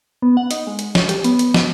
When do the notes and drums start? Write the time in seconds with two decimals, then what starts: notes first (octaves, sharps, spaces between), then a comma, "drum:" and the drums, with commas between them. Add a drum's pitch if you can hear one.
0.22 B3
0.37 F#5
0.51 D#4, drum: hi-hat
0.67 G#3
0.79 drum: hi-hat
0.95 C#5, drum: snare
1.09 G4, drum: hi-hat
1.24 B3, drum: hi-hat
1.39 drum: hi-hat
1.54 drum: snare